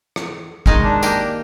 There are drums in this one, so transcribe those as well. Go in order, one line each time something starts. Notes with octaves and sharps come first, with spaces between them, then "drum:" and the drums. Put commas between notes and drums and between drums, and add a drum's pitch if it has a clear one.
drum: rim click
D#3 G#3 D#4, drum: kick G#1
D4
A#3 G4 D#5, drum: tambourine